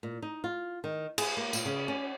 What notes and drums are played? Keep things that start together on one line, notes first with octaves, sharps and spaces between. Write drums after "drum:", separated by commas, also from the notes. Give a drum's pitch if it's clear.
A#2
D#4
F4
D#3
G#4, drum: cymbal
A#3
A#2, drum: tambourine
C#3
C#4